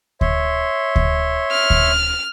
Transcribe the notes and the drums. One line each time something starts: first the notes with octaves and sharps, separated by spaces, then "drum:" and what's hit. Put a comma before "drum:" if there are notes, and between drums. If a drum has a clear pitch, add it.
C#5 E5 C6, drum: kick D2
drum: kick D2
F6
drum: kick D2